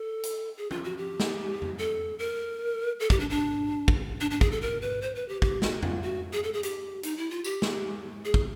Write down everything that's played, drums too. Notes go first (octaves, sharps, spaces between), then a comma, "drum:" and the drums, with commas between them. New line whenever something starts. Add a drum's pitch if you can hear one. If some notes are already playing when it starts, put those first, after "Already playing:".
Already playing: A4
drum: hi-hat
G#4
F4, drum: tom F3
F#4
G4
drum: snare
drum: tom F2
A4
A#4
A4
G4, drum: kick
D4
D4
drum: kick
D4
D4
G#4, drum: kick
A4
A#4
B4
C5
B4
G4
G4, drum: kick
F#4, drum: snare
F4, drum: tom F2
F#4
G#4
A4
G#4
G4, drum: hi-hat
D#4, drum: hi-hat
E4
F4
G4, drum: tambourine
drum: snare
G#4
drum: kick